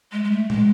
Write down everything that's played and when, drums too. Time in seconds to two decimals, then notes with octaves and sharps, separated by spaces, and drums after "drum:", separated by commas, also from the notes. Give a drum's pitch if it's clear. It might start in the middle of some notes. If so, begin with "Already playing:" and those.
0.12 G#3
0.24 G#3
0.31 A3
0.50 G#3, drum: tom A2